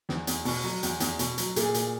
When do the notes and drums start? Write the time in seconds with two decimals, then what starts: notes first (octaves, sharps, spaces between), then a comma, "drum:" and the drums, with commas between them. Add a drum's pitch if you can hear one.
0.09 E2, drum: snare
0.27 E2, drum: hi-hat
0.45 B2, drum: open hi-hat
0.64 F#3
0.83 E2, drum: hi-hat
1.00 E2, drum: hi-hat
1.19 B2, drum: hi-hat
1.38 F#3, drum: hi-hat
1.56 A#2 G#4, drum: hi-hat
1.74 A#2, drum: hi-hat